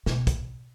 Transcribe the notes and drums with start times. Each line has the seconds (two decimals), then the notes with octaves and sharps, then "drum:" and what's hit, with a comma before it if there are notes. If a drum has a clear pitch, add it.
0.06 B2, drum: snare
0.27 drum: kick, hi-hat